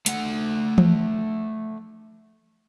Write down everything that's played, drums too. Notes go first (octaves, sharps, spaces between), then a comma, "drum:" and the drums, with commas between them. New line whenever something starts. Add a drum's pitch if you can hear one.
A3 F#5, drum: hi-hat
drum: tom E3